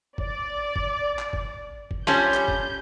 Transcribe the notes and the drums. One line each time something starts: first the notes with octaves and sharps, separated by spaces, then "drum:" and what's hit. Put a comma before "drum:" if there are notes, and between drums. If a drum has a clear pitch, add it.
D5, drum: kick
drum: kick
drum: clap
drum: kick
drum: kick
G3 C#4 F4 A4 C5 G6
drum: clap
drum: kick